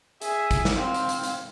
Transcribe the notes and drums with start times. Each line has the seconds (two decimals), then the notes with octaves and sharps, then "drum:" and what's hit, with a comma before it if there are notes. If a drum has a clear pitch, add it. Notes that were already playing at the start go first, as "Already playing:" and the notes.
0.22 G#4 E5, drum: hi-hat
0.51 drum: kick G#1, hi-hat
0.65 drum: snare
0.75 C4 F5
0.94 drum: hi-hat
1.09 drum: hi-hat
1.24 drum: hi-hat